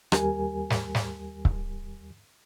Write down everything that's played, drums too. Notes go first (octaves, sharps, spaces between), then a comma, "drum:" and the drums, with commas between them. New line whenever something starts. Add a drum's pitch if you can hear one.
D#2 G3 G4 A#4 G#5, drum: rim click
drum: snare
drum: snare
drum: kick C#1